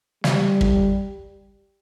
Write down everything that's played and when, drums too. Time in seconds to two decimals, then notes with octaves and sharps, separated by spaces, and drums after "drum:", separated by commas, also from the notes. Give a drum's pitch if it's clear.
0.24 G3, drum: snare
0.61 drum: kick